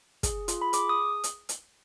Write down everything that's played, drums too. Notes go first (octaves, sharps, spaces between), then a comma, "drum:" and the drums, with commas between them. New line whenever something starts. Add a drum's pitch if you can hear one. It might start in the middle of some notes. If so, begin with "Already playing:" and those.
G#4, drum: kick, hi-hat
F4, drum: hi-hat
B5
G#4 D6, drum: hi-hat
D#6
drum: hi-hat
drum: hi-hat